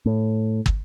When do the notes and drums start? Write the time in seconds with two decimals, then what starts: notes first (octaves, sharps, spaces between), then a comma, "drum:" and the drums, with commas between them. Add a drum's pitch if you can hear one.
0.06 A2
0.66 drum: kick